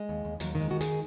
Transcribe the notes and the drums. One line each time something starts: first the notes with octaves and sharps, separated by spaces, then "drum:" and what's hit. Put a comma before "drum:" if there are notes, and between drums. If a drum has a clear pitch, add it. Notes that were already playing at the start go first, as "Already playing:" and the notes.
Already playing: G#3
D#2
D#2
D#2 F#3, drum: hi-hat
D#3
G#3
D#3 F#4
G#4, drum: hi-hat